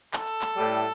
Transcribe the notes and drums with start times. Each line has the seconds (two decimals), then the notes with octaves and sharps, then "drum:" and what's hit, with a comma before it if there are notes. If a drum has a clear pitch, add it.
0.13 A4, drum: clap
0.27 drum: hi-hat
0.41 drum: clap
0.55 A2 G3
0.69 drum: open hi-hat